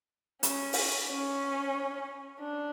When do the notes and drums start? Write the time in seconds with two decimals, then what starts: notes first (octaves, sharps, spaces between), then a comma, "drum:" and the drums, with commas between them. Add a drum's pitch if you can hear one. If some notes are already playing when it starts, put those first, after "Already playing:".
0.43 C#4, drum: hi-hat
0.73 drum: open hi-hat
1.09 C#4
2.40 D4